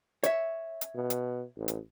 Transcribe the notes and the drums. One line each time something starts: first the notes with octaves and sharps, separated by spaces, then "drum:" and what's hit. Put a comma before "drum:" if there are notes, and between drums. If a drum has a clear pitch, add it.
C#5 E5, drum: hi-hat
drum: hi-hat
B2
drum: hi-hat
A1
drum: hi-hat